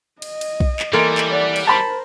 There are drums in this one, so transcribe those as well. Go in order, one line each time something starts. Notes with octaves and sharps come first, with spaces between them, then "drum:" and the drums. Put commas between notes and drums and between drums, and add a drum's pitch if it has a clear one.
D#5, drum: cymbal
drum: cymbal
drum: kick B1
drum: clap
E3 G3 A#3 A4 A#4 C6
drum: clap
D5 F#5
drum: cymbal
A#4 C5 A5 B5